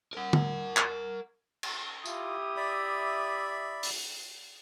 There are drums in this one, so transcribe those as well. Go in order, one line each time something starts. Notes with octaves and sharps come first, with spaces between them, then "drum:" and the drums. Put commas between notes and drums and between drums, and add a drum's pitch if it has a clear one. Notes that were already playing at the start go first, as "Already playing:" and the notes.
A#4 F#5
drum: tom
drum: clap
drum: cymbal
E4 F4 G4 D#6, drum: tambourine
D5 E5 B5
drum: open hi-hat